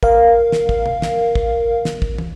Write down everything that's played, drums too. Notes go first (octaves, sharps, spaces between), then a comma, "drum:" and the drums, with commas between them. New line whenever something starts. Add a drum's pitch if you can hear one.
A#4 F5, drum: kick
drum: snare
drum: kick
drum: tom
drum: snare
drum: kick
drum: snare
drum: kick
drum: tom